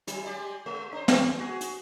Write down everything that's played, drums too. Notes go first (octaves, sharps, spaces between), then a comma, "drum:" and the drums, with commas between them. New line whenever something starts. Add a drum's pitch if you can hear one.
F#3, drum: hi-hat
G#3 G4 D5
G#3
D4 C5
A3, drum: snare
F#4 G#4
drum: hi-hat